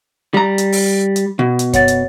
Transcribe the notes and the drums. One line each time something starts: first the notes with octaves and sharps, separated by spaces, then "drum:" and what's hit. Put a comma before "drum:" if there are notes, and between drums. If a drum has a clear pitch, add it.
G3 A#5
drum: hi-hat
drum: open hi-hat
drum: hi-hat
B2
drum: hi-hat
C#5 F#5 A6, drum: kick F#2, hi-hat
drum: hi-hat